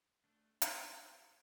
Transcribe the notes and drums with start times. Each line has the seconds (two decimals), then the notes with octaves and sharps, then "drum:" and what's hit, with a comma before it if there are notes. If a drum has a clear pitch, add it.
0.24 A3 D4
0.62 F4 D#5, drum: hi-hat
0.94 F#4 G4